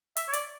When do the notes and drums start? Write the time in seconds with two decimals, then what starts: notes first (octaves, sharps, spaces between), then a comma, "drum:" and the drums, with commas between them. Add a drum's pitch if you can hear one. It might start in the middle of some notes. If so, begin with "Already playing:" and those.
0.17 E5, drum: hi-hat
0.28 C#5
0.33 D5, drum: hi-hat